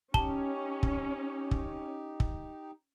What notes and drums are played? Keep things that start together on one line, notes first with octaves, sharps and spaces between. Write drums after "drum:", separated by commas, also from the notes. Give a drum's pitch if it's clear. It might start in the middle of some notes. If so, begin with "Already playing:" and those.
C#4 D#4 G4 A5 G7, drum: kick
drum: kick
drum: kick
drum: kick